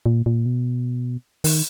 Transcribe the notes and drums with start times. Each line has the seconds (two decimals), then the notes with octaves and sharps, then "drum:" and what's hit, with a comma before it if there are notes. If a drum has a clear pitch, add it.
0.06 A#2
0.26 A#2
0.46 B2
1.44 D#3, drum: open hi-hat